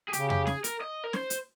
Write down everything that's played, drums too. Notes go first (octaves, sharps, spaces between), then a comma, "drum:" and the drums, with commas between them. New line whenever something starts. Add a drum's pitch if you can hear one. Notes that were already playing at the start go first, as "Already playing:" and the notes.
G#4
C#3 G4, drum: hi-hat
G4, drum: tom F2
G#4, drum: snare
A#4, drum: hi-hat
D#5
A#4
C5, drum: snare
drum: hi-hat